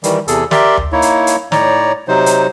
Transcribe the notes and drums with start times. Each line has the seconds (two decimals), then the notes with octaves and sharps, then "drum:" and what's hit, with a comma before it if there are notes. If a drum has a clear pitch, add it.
0.04 D#3 E3 G3, drum: hi-hat
0.28 E2 C3 G#4 A4, drum: hi-hat
0.51 G4 A#4 D5 E5 C6, drum: snare
0.77 drum: tom D2
0.92 A#3 D#4 E4 C#5
1.02 drum: hi-hat
1.27 drum: hi-hat
1.52 A2 D#4 C#5 D5 A#5, drum: snare
2.08 C3 F#3 D#4 C5
2.26 drum: hi-hat